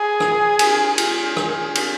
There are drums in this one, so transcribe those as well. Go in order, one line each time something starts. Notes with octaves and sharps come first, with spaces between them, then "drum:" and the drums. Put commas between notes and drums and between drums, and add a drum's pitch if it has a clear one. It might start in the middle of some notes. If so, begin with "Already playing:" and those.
Already playing: G#4
drum: rim click
drum: cymbal
G#4, drum: cymbal
drum: rim click
drum: cymbal